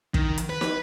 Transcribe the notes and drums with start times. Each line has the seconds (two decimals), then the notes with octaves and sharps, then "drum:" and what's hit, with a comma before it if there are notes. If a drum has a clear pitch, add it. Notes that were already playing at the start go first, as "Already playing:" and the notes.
0.14 D#3, drum: kick
0.38 drum: hi-hat
0.50 B4
0.61 drum: snare